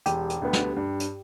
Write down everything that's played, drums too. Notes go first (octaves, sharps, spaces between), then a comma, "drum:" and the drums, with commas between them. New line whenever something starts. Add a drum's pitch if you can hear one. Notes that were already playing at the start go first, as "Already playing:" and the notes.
E1 G4, drum: hi-hat
drum: hi-hat
D2 D3 B3
drum: snare
G2
drum: hi-hat